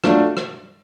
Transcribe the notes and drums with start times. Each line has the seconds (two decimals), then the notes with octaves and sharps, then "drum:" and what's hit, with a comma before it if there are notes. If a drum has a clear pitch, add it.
0.04 F#3 A3 D4 F4, drum: rim click
0.37 drum: rim click